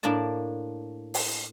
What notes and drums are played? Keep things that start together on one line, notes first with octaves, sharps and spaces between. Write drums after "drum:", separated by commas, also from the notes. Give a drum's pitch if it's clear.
A2 A#3 D4 D5 A5
drum: open hi-hat